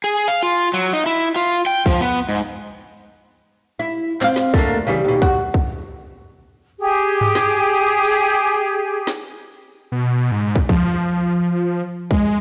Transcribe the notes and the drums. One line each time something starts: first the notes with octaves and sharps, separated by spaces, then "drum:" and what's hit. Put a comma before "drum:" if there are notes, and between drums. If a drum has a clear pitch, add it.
G#4
F5, drum: cymbal
F4
F#3
D#4
E4
F4
G5
F3, drum: kick
B3
G#2
E4
C4 F5, drum: clap
drum: snare
D3 A3 A#3, drum: kick
C#3 E3 G3
D#2 B2
F#4, drum: kick
drum: kick
G4 G#4
drum: tom G2
drum: snare
drum: cymbal
drum: hi-hat
drum: snare
B2
G#2
drum: kick
F3, drum: kick
G#3, drum: kick